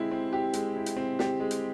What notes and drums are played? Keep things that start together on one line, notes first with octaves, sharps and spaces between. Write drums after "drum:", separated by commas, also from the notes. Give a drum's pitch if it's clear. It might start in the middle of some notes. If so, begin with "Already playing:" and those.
Already playing: G#3 C4 E4 G4
C4
G4
G#3, drum: hi-hat
E4
drum: hi-hat
C4
G4, drum: snare
G#3
drum: hi-hat